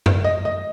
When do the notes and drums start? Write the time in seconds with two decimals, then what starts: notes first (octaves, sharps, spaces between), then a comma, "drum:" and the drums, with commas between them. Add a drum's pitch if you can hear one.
0.06 drum: tom F#2
0.24 D#5
0.45 D#5